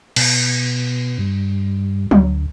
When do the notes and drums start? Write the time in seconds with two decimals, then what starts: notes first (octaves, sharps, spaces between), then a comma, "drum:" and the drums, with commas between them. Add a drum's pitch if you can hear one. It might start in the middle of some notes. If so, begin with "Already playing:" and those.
0.16 B2, drum: cymbal
1.19 G2
2.11 D2, drum: tom F#3